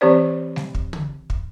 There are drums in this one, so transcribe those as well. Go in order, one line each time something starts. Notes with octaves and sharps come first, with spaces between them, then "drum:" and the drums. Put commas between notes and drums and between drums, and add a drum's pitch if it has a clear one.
E3 C4 G4 C5 D5
drum: snare G3
drum: kick
drum: tom
drum: kick